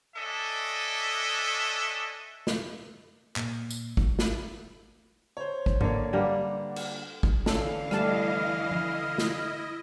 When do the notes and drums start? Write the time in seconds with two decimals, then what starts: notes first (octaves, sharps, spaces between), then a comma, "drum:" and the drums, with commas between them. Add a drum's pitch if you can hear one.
0.16 C#4 D4 A4 D#5 E5
2.47 drum: snare
3.36 A#2, drum: clap
3.70 drum: tambourine
3.97 drum: kick
4.19 drum: snare
5.37 C5 C#5
5.66 drum: kick
5.81 D3 A#3 C#5, drum: tom G#2
6.13 G3 A#3 D4 B4 F#5
6.76 drum: cymbal
7.23 drum: kick
7.46 D3 E3 C#4 A4 F5, drum: snare
7.91 G3 A3 E4 D#5 A5 F6, drum: rim click
8.71 drum: tom F3
9.18 drum: snare